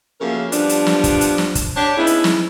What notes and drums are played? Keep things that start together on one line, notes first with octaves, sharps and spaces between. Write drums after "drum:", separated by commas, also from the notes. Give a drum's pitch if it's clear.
C#3 F3 F#3 A3 A#3 A#4
F3 G3 B3 D4, drum: hi-hat
drum: hi-hat
drum: snare
drum: kick, hi-hat
drum: hi-hat
drum: snare
drum: kick, hi-hat
D4 G4 C#5
C#3 B3 D#4 E4
drum: hi-hat
drum: snare